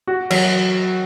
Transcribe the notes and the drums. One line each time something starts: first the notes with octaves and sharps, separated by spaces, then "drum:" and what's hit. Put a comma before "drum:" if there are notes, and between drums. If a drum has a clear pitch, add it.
F#4
F#3, drum: cymbal